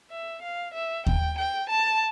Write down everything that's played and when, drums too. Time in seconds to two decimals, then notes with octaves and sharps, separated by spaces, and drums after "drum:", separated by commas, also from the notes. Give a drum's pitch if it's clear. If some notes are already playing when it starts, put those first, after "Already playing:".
0.11 E5
0.43 F5
0.74 E5
1.07 G5, drum: kick D#2
1.38 G5
1.70 A5